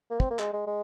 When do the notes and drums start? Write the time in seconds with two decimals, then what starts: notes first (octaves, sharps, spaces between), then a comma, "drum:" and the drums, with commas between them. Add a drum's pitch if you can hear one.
0.10 A#3
0.20 C4, drum: kick
0.30 A#3
0.39 G#3, drum: clap
0.53 G#3
0.67 G#3